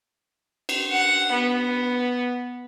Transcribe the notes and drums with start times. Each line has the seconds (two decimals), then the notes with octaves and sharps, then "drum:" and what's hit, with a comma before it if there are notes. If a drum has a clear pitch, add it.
0.69 drum: cymbal
0.92 F#5
1.32 B3